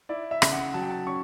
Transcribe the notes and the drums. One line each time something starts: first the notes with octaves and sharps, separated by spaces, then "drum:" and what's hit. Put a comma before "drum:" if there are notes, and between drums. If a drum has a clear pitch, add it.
E4 D5
E5
C#3, drum: rim click
F#5
F#3 A5
G5
A5
C#4 C#6